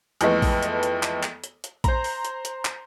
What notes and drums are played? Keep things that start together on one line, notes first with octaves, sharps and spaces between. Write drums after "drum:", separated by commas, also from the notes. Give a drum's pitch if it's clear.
F2 E3 G#3 A3 B3, drum: hi-hat
drum: kick A#1, open hi-hat
drum: hi-hat
drum: hi-hat
drum: clap
drum: clap
drum: hi-hat
drum: hi-hat
C5 A#5, drum: kick A#1, hi-hat
drum: open hi-hat
drum: hi-hat
drum: hi-hat
drum: clap